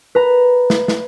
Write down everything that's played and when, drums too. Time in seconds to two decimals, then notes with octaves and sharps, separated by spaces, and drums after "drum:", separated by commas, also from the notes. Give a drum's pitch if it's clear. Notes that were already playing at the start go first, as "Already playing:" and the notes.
0.15 B4 A#5
0.70 drum: snare
0.88 drum: snare